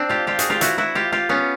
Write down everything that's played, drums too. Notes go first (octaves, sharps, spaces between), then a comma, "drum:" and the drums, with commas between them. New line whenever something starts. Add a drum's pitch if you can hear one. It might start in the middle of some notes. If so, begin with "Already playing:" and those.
Already playing: C4 D4
F4 G4
F4 G4
F#4 G#4, drum: hi-hat
F4 G4
E4 F#4, drum: hi-hat
E4 F#4
F4 G4
F4 G4
B3 C#4